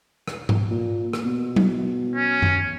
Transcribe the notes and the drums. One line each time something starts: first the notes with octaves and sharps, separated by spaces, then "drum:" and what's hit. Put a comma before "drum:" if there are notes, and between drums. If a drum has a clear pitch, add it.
drum: rim click
drum: tom G#2
A#2
drum: rim click
B2
drum: tom F#3
C#4
drum: tom F#2